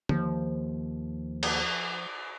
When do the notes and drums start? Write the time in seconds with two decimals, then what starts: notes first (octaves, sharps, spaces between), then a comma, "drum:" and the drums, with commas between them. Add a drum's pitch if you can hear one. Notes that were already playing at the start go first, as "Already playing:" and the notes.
0.09 D#2 F3, drum: tom
1.43 drum: cymbal